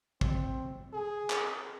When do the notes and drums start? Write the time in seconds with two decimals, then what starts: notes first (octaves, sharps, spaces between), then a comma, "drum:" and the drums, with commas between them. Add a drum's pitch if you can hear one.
0.21 C4, drum: kick
0.93 G#4
1.30 drum: clap